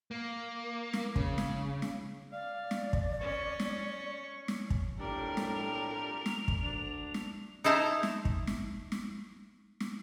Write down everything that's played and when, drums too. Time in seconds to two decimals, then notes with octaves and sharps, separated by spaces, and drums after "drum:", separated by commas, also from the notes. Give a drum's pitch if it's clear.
0.11 A#3
0.93 drum: snare
1.16 C#3, drum: kick
1.38 drum: snare
1.82 drum: snare
2.32 D5 F5
2.71 drum: snare
2.93 drum: kick
3.21 C#4 C#6
3.60 drum: snare
4.48 drum: snare
4.70 drum: kick
5.00 B1 F2 A2 G3 D4 G4 A#4
5.37 drum: snare
5.56 F7
6.26 drum: snare
6.48 drum: kick
6.63 D2 D4
7.14 drum: snare
7.64 D#4 E4 C5 A5 A#5
8.03 drum: snare
8.25 drum: kick
8.47 drum: snare
8.92 drum: snare
9.80 drum: snare